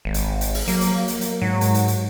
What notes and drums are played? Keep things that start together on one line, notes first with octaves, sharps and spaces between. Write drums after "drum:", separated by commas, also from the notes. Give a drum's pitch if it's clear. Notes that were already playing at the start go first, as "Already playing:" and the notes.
G#1
drum: hi-hat
drum: hi-hat
drum: open hi-hat
F#3 A#3, drum: hi-hat
drum: hi-hat
drum: hi-hat
drum: hi-hat
G#2 F#3
drum: hi-hat
drum: hi-hat
drum: hi-hat